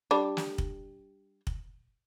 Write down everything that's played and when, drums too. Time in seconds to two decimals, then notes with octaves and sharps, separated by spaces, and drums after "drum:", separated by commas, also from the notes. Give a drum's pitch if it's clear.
0.11 G3 D4
0.37 drum: snare
0.58 drum: kick
1.47 drum: kick